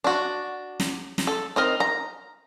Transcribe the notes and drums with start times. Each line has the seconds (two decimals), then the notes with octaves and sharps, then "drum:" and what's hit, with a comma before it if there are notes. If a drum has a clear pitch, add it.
0.04 D4 F#4
0.80 drum: snare
1.18 drum: snare
1.27 A4
1.56 C4 D#4 A#4
1.80 A#5